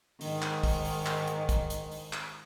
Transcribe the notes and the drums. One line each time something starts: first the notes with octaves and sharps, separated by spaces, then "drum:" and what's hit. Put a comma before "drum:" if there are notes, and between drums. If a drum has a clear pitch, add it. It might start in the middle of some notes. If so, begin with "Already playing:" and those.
G#2 D#3, drum: open hi-hat
drum: clap
drum: kick, open hi-hat
drum: open hi-hat
drum: clap
drum: hi-hat
drum: kick, hi-hat
drum: hi-hat
drum: open hi-hat
drum: clap